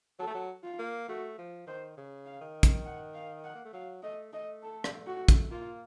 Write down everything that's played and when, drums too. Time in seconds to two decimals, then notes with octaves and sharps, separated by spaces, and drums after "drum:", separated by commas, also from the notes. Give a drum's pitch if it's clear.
0.19 F#3 A4
0.27 A3
0.35 F#3
0.63 F4
0.79 A#3
1.08 A3 F#4
1.38 F3
1.67 D#3 C5
1.97 C#3
2.26 F5
2.41 D#3
2.63 drum: kick, hi-hat
2.86 F#5
3.15 F5
3.44 F#5
3.55 A#3
3.65 A3
3.73 F#3 F5
4.03 A3 D#5
4.32 A3 D#5
4.63 A4
4.84 drum: rim click
5.06 F#4
5.29 drum: kick, hi-hat
5.51 A#3 F4